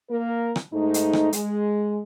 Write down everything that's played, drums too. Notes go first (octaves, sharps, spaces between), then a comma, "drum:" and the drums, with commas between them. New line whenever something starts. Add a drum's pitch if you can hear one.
A#3 A#4
drum: rim click
G#2 A3 D#4
drum: hi-hat
drum: rim click
G#3, drum: hi-hat